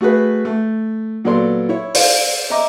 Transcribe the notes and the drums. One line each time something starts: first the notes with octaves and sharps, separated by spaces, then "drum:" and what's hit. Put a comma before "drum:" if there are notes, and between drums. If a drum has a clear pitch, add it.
A3 F#4 G#4 B4
A3
A#2 F#3 B3 A4 D5 C6
E4 C#5
C5 D5 F5, drum: open hi-hat
D#5 E5 A#5 D6